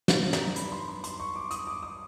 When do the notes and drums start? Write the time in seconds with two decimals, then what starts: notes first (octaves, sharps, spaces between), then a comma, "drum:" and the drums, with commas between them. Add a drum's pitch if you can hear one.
0.08 G2 D#3 F#3 B3 D#4, drum: snare
0.33 A#5, drum: snare
0.56 B5, drum: hi-hat
0.72 C6
0.88 C6
1.04 C6, drum: hi-hat
1.20 C#6
1.36 D6
1.51 D#6, drum: hi-hat
1.67 D6
1.83 D#6